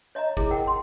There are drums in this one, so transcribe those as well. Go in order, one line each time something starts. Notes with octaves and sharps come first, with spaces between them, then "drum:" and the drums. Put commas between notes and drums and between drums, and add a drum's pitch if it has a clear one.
C#5 D#5 E5 A#5
E4 G#4, drum: kick G1
A#4 F#5 G5
C6